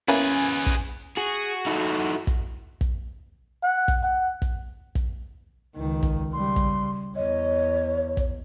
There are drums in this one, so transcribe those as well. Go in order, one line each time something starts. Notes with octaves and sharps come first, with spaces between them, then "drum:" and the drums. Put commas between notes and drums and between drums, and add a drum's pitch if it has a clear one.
E3 A#3 B3 C#4 G#4 B4 G#5
drum: kick, hi-hat
F#4 G#4
D#4 E4 A4
drum: kick, hi-hat
drum: kick, hi-hat
F#5
drum: kick, hi-hat
F#5
drum: kick, hi-hat
drum: kick, hi-hat
C#2 D#3
drum: kick, hi-hat
C#3 G3 C6
drum: kick, hi-hat
E2 C#5 D#5
drum: kick, hi-hat